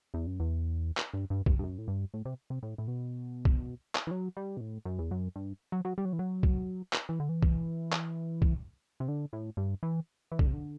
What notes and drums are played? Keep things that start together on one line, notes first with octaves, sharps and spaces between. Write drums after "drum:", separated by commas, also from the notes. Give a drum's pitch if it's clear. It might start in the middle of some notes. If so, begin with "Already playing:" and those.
E2
F#2
E2
drum: clap
G2
G2
G2, drum: kick
G2
F#2
A2
G2
A2
C3
C3
A2
A2
B2
drum: kick
drum: clap
E3
F#3
G3
B2
A2
F#2
E2
F#2
G2
F#3
F#3
G3
F#3
E3
F#3
drum: kick
drum: clap
E3
D3
E3
drum: kick
drum: clap
drum: kick
C3
D3
A2
G2
E3
E3
D3, drum: kick
C3
D3